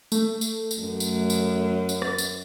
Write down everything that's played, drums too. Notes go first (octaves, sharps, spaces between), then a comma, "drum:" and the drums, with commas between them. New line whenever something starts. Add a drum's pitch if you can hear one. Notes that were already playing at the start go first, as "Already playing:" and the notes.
A3, drum: tambourine
drum: tambourine
drum: tambourine
F#2
drum: tambourine
drum: tambourine
drum: tambourine
A6, drum: rim click
drum: tambourine